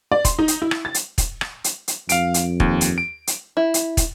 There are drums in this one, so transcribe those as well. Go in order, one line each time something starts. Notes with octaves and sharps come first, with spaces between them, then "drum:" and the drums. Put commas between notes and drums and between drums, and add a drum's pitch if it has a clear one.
D5
C6, drum: kick, hi-hat
D#4
drum: hi-hat
E4
drum: rim click
A6
drum: hi-hat
drum: kick, hi-hat
drum: rim click
drum: hi-hat
drum: hi-hat
F2 F5 D7, drum: hi-hat
drum: hi-hat
D#2, drum: kick
drum: hi-hat
D7
drum: hi-hat
E4
drum: hi-hat
drum: kick, hi-hat